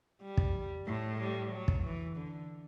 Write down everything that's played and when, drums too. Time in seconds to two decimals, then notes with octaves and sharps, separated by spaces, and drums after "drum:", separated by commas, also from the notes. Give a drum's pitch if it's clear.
0.21 G3
0.37 drum: kick
0.86 A2 A3
1.19 G3
1.52 F#3
1.68 drum: kick
1.84 E3
2.17 D3